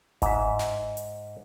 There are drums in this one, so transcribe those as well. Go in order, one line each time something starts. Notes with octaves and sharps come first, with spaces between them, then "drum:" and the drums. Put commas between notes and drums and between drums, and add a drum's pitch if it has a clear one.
G#2 E5, drum: kick G1, hi-hat
drum: snare
drum: hi-hat